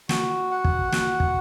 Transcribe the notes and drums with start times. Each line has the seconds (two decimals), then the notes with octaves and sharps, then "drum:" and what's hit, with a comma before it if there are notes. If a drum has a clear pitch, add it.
0.09 F#4, drum: snare
0.51 F#5
0.64 drum: kick
0.92 F#4, drum: snare
1.20 drum: kick